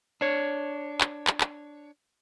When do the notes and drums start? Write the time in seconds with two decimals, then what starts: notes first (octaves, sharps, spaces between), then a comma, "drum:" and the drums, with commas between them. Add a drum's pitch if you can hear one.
0.21 D4 C#5
1.01 drum: clap
1.27 drum: clap
1.41 drum: clap